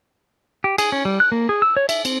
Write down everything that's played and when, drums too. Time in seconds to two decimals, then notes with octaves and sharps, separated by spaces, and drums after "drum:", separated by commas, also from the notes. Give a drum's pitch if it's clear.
0.64 G4
0.78 G#4, drum: cymbal
0.92 C#4
1.05 G3
1.20 F#6
1.32 A#3
1.49 G#4
1.62 E6
1.77 C#5
1.89 E5, drum: cymbal
2.05 C4, drum: cymbal